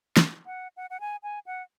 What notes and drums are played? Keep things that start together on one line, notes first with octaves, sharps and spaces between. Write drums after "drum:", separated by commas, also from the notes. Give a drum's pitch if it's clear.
drum: snare
F#5
F#5
F#5
G#5
G#5
F#5